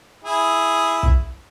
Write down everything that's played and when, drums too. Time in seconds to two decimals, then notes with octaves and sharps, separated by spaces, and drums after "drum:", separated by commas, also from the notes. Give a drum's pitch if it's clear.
0.24 E4 G#4
1.03 drum: kick